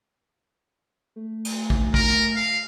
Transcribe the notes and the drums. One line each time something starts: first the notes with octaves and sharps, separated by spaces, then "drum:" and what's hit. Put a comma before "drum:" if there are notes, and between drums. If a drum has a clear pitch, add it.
A3
drum: cymbal
drum: kick
A#4, drum: kick
drum: tom
F5